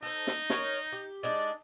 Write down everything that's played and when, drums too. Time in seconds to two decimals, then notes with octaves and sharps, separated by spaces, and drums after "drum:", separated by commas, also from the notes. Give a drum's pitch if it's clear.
0.02 D#4 A4 C5
0.27 drum: snare
0.50 A#4 C#5, drum: snare
0.93 G4
1.23 G#3 D4 D#4 D5